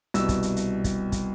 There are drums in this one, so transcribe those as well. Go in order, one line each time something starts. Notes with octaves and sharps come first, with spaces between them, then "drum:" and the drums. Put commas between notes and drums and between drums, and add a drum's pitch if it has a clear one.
C2 B2 E6, drum: hi-hat
drum: kick, hi-hat
drum: hi-hat
drum: hi-hat
drum: kick, hi-hat
drum: kick, hi-hat